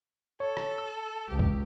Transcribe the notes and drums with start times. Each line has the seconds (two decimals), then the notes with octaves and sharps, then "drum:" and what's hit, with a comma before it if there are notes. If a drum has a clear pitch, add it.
0.40 A4 C#5
0.57 drum: rim click
0.78 E6
1.29 C#2 G4
1.39 drum: kick